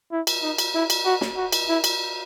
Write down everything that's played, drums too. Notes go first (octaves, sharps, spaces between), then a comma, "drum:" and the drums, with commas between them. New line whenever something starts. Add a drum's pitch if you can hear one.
E4
drum: cymbal
D#4
drum: cymbal
E4
drum: cymbal
F#4
drum: snare
F#4
drum: cymbal
E4
drum: cymbal